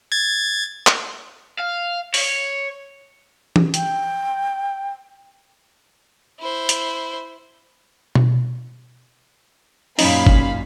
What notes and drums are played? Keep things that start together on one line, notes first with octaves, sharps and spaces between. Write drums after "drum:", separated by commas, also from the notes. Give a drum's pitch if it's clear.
G#6 A6
drum: clap
F5
C#5, drum: open hi-hat
drum: tom E3
G5, drum: hi-hat
E4 C5
drum: hi-hat
drum: tom B2
F#2 A#2 C#4 D#4 F5 B5, drum: open hi-hat
drum: kick